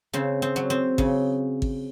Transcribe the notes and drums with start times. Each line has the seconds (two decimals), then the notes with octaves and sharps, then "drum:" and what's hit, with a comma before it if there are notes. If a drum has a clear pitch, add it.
0.13 C#3 C4
0.42 C4
0.56 F#3
0.70 C4
0.98 C#3, drum: kick G#1
1.62 drum: kick G#1